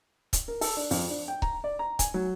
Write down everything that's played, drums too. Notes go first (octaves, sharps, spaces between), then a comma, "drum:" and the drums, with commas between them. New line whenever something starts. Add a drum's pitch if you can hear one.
drum: kick C#1, hi-hat
A#4
A4, drum: open hi-hat
D4
F2, drum: open hi-hat
D4
G5
A#5, drum: kick C#1
D5
A#5
G#5, drum: kick C#1, hi-hat
F#3